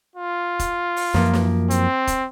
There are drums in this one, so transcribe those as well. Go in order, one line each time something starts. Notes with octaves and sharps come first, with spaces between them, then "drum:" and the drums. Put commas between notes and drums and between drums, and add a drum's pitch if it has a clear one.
F4
drum: kick E1, hi-hat
drum: open hi-hat
F#2 F3 A#3, drum: snare
drum: snare
C4, drum: hi-hat
drum: kick E1, hi-hat